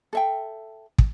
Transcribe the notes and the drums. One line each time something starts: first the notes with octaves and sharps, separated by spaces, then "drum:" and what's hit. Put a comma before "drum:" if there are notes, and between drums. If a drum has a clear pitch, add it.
A4 E5 G5
drum: kick